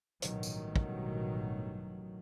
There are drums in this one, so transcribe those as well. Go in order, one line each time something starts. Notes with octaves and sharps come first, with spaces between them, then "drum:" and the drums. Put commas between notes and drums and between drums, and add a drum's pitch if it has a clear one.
A1 G2 B2 D#3 F#3, drum: hi-hat
drum: tambourine
drum: kick